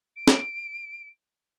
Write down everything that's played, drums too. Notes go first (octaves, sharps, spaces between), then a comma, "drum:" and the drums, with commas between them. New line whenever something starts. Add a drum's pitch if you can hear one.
D7
drum: snare